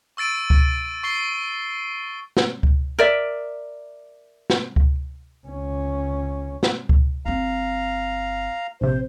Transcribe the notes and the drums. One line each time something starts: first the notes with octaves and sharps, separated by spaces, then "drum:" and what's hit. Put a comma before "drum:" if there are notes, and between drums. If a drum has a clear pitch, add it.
C#6 E6 A6 D7 D#7
drum: kick C#2
C#6 C7 G7
drum: snare
drum: kick C#2
A#4 D5 E5
drum: snare
drum: kick C#2
C#2 C#4
drum: snare
drum: kick C#2
G1 C4 F5 A#5
A#1 C3 C5